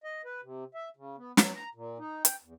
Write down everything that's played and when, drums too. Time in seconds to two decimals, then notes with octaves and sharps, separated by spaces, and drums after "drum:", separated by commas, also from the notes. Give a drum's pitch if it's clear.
0.04 D#5
0.25 B4
0.43 C3
0.75 E5
0.97 C#3
1.17 B3
1.37 F#3, drum: snare
1.55 A#5
1.75 A#2
1.99 D#4
2.25 G5, drum: hi-hat
2.43 E2